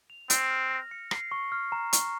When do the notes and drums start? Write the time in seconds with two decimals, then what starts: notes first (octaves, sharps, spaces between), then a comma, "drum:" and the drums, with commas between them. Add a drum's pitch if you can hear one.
0.10 F7
0.30 C4 F6, drum: hi-hat
0.50 F6
0.71 A#6
0.91 C#7
1.11 C7, drum: rim click
1.32 C#6
1.52 F6
1.72 A#5
1.93 C#6, drum: hi-hat